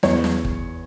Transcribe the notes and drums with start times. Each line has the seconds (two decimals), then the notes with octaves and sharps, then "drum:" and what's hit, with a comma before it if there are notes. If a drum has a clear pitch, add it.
0.03 E2 C#5, drum: snare
0.24 drum: snare
0.45 drum: kick